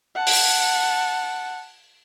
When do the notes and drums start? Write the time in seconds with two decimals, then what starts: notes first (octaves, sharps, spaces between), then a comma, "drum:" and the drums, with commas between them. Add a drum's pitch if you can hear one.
0.15 F#5 A5
0.27 drum: open hi-hat